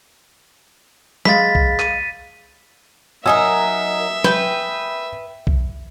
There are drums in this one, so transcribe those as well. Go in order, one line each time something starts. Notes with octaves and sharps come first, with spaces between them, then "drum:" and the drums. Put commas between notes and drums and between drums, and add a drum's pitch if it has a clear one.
G#3 F5 B5 A6 B6, drum: snare
drum: kick B1
D#7, drum: clap
F#3 D#4 A#4 E5 G#5 D#6 E6
B4 G5, drum: snare
drum: kick B1